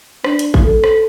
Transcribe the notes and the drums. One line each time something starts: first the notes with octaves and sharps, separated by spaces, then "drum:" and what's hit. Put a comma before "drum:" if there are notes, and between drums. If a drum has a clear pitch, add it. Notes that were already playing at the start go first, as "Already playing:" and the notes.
D4, drum: rim click
drum: hi-hat
drum: kick G#1
A4
drum: rim click